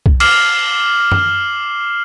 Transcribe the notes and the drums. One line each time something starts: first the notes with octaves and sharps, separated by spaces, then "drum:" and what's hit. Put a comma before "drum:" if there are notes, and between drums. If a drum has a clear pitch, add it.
drum: kick C2
D6 F6 C7 E7 F#7, drum: cymbal
drum: tom F#2